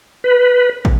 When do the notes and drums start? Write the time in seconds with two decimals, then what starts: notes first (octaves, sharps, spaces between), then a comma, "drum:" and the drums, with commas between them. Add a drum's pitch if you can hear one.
0.24 B4
0.85 drum: kick